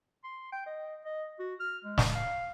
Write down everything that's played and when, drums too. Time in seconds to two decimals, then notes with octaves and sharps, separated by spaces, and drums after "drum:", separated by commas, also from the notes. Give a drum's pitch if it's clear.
0.24 C6
0.52 G5
0.66 D#5
1.05 D#5
1.39 F#4
1.60 F6
1.84 G#3
1.98 drum: snare
2.15 F5